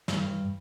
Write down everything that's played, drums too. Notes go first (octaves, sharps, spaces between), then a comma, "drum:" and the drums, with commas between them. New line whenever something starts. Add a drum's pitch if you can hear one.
G2, drum: snare